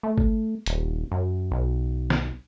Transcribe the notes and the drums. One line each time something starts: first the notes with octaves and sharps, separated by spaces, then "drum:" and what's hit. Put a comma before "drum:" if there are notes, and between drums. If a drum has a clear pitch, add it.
A3
drum: kick G#1
D#1, drum: hi-hat
F#2
B1
drum: snare